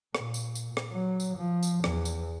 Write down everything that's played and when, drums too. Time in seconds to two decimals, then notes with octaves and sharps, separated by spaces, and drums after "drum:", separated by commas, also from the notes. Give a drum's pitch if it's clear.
0.15 A#2, drum: rim click
0.34 drum: tambourine
0.55 drum: tambourine
0.77 drum: rim click
0.92 F#3
1.20 drum: tambourine
1.37 F3
1.63 drum: tambourine
1.84 E2, drum: rim click
2.05 drum: tambourine